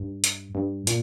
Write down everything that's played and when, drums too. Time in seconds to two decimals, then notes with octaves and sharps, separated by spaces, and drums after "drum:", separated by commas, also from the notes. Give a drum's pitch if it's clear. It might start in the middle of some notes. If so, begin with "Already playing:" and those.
Already playing: G2
0.24 drum: hi-hat
0.55 G2
0.87 A#2, drum: hi-hat